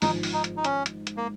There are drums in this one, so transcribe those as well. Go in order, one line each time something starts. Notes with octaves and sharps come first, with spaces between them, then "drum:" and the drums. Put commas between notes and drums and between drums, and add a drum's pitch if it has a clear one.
G#1 G#2 F3 D#4, drum: open hi-hat
drum: open hi-hat
D#4
drum: hi-hat
D#4
C#4, drum: hi-hat
drum: hi-hat
drum: hi-hat
A#3